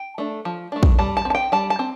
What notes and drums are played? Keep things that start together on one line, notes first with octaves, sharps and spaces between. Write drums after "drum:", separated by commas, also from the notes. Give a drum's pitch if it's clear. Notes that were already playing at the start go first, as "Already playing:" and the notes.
Already playing: G5
A3 D4
F3
A3 D4
drum: kick
G3 A5
A5
C4
A5
G5
G3 A5
A5
C4